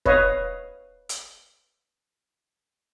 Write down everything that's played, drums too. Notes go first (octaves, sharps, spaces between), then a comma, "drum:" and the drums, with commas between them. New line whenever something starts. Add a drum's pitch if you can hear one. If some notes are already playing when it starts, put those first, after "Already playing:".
B4 C#5 D#5 F5, drum: kick
drum: hi-hat